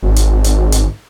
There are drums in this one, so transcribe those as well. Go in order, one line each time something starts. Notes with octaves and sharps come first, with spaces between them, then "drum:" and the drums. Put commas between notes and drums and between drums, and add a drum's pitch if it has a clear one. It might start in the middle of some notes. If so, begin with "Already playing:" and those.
G#1
drum: hi-hat
drum: hi-hat
drum: hi-hat